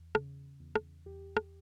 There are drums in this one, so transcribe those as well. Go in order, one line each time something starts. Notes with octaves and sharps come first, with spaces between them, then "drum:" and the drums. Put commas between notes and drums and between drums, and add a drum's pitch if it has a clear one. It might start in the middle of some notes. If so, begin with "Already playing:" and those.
Already playing: E2
C#3, drum: rim click
E2
drum: rim click
E2 G4
drum: rim click